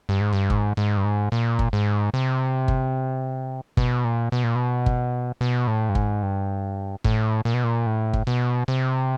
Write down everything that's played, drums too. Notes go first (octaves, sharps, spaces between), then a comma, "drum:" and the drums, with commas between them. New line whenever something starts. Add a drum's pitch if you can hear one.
G2
G#2
G2
G#2, drum: kick G1
G#2
G2
G#2
A#2
drum: kick G1
G#2
C3
drum: kick G1
B2, drum: kick G1
A#2
B2
A#2
B2
drum: kick G1
B2
A2
G2
G#2, drum: kick G1
G2
A2, drum: kick G1
A#2
B2
A#2
A2
drum: kick G1
B2
C3